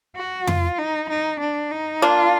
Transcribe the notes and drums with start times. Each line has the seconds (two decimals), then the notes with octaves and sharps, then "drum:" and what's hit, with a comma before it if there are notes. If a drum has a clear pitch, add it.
0.16 F#4
0.47 F4, drum: tom F2
0.78 D#4
1.10 D#4
1.40 D4
1.71 D#4
2.02 A#3 D4 F4